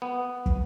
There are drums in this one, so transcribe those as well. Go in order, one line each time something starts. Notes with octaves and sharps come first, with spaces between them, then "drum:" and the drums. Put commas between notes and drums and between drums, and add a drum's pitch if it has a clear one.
B3
drum: kick